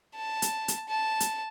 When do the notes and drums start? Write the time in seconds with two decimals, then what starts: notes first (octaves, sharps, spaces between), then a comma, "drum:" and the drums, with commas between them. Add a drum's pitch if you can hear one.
0.16 A5
0.42 drum: hi-hat
0.68 drum: hi-hat
0.89 A5
1.20 drum: hi-hat